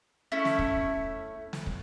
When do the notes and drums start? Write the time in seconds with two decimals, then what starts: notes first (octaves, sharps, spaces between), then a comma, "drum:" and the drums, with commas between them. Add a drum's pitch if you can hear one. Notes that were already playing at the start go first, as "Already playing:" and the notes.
0.32 A3 C#4 E4
0.45 drum: snare
0.59 drum: kick
1.53 drum: snare
1.66 drum: kick